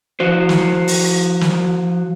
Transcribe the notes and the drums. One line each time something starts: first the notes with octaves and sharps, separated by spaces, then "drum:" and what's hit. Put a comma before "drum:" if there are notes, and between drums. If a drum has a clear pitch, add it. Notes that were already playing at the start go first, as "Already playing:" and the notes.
F3 F#4 C5
drum: snare
drum: open hi-hat
drum: snare